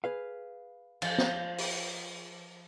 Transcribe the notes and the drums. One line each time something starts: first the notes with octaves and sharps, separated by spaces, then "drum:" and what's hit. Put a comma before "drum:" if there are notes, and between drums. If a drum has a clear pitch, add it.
G#4 B4 F5
F3, drum: cymbal
drum: snare
drum: open hi-hat